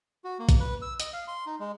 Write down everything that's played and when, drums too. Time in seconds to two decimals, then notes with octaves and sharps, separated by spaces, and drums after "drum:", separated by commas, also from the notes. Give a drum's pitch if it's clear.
0.24 F#4
0.39 A#3
0.49 drum: kick, hi-hat
0.60 B4
0.82 E6
1.00 D#5, drum: hi-hat
1.13 F5
1.28 C6
1.46 D#4
1.60 G#3